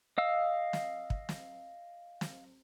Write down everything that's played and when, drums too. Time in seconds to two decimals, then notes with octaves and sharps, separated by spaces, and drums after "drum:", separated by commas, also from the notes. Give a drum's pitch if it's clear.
0.18 D#5 F5 E6
0.73 drum: snare
1.10 drum: kick
1.29 drum: snare
2.21 drum: snare